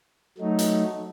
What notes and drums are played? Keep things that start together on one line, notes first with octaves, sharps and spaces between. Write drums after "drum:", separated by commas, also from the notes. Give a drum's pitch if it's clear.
F#3 A3 D#4
drum: hi-hat